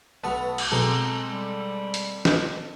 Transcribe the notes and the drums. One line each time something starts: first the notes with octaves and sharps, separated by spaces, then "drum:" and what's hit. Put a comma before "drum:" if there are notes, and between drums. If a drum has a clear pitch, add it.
B1 B3 B4 A5 B5 C#6 F7
drum: cymbal
B2 F#3 G#3 C4 A4 C5 A#5
G3
drum: hi-hat
drum: snare